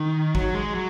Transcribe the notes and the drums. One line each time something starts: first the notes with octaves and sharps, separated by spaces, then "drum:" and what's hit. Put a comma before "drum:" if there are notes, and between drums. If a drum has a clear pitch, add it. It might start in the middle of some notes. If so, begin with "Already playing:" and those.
Already playing: D#3
F#3, drum: kick
G#3
F#3